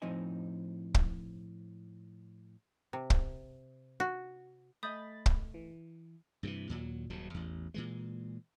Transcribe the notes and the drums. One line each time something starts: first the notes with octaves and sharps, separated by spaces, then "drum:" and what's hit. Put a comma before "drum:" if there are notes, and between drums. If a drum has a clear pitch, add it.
A2 F3 C4 D#4 D#5 G#5
drum: kick
C3
drum: kick
F#4
A3 D#5 B5 D#6 G6 A6
drum: kick
E3
G2 C3 D#3 E3
D#2 A#2 F#3
D#1 D#2 G#2 F#3
A1 E2
A#2 E3 G#3